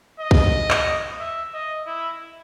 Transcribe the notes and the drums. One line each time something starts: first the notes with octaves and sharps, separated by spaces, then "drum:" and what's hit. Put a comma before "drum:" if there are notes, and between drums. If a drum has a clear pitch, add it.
D#5
drum: kick
drum: clap
E5
D#5
E4